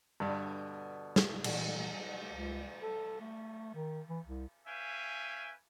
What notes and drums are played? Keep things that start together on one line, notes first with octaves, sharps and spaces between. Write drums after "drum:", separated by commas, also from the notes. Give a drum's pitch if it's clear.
G2 B2 D3
drum: snare
A#2 E3, drum: cymbal
C#2
A4
A3
D#3
E3
C2
C#4 B4 E5 F5 G5 G#5